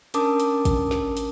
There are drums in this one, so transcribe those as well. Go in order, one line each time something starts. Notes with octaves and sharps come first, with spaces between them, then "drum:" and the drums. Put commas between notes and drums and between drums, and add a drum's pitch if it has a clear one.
C#4 D4 A#4 A5 D6 D#6, drum: hi-hat
drum: hi-hat
drum: kick, hi-hat
drum: snare
drum: hi-hat